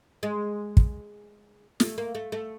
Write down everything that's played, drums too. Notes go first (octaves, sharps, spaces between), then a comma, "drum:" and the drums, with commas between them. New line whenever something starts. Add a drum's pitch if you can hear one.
G#3
drum: kick
A3, drum: snare
A#3
A3
A3